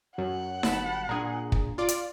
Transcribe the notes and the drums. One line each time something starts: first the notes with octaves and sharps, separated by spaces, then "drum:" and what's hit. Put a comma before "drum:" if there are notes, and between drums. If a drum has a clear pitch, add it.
F#2 F#3 F#5
G1 A5 B5, drum: snare D#4
A#2 D4 G#4 A#5
drum: kick
F4 D5
drum: hi-hat